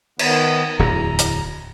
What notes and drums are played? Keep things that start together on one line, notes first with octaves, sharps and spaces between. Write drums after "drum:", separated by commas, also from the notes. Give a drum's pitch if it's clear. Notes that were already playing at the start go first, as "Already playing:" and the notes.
D#3 B3, drum: cymbal
D1 E2 A#5
drum: hi-hat